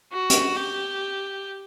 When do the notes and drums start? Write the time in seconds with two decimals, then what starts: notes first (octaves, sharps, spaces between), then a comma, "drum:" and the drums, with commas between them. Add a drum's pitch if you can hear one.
0.13 F#4
0.30 drum: hi-hat
0.56 G4